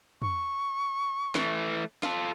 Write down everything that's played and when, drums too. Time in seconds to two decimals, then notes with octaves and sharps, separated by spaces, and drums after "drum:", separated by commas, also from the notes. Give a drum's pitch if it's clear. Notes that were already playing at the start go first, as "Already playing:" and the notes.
0.22 C#6, drum: tom
1.35 E3 A3, drum: snare
2.03 F4 A4, drum: snare